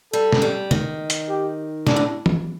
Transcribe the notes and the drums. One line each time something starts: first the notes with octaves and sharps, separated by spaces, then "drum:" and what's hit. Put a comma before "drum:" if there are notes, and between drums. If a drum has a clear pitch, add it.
G3 A4
drum: snare
G3
D#3, drum: tom
drum: hi-hat
G4
A#2 D4, drum: snare
A2
drum: tom